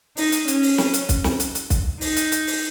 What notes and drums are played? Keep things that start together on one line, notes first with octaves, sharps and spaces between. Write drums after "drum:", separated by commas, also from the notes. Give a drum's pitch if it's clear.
D#4, drum: open hi-hat
drum: hi-hat
C#4, drum: hi-hat
drum: open hi-hat
drum: snare
drum: hi-hat
drum: kick, hi-hat
drum: snare
drum: hi-hat
drum: hi-hat
drum: kick, hi-hat
D#4, drum: open hi-hat
drum: hi-hat
drum: hi-hat
drum: open hi-hat